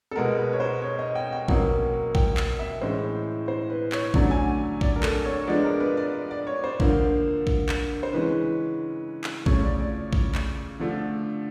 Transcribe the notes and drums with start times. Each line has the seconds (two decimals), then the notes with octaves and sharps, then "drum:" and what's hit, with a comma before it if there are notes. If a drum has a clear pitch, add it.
0.11 A4
0.16 B2 G#3 B3 A#4
0.38 B4
0.53 C#5
0.60 C5
0.82 C#5
0.99 D#5
1.15 G5
1.32 G5
1.48 B2 F#3 A#3 C#4, drum: kick
2.15 G5, drum: kick
2.37 drum: clap
2.59 E5
2.81 A2 E3 G#3 C#4 C5
3.48 C5
3.70 B4
3.92 C#5, drum: clap
4.14 D3 F#3 A3 C#4 D5, drum: kick
4.31 G#5
4.81 D5, drum: kick
4.96 A#4
5.03 A4, drum: clap
5.25 C#5
5.47 F3 G#3 B3 D4 D5
5.64 A#4
5.80 B4
5.97 D5
6.31 D5
6.47 C#5
6.64 C5
6.80 D3 F3 A#3, drum: kick
7.47 drum: kick
7.69 drum: clap
8.03 C5
8.13 C#3 E3 G#3 C#4 B4
9.24 drum: clap
9.46 C#3 F3 A3 C#4 C#5, drum: kick
9.63 D5
9.80 D5
10.13 drum: kick
10.35 drum: clap
10.79 D3 F3 A3 D4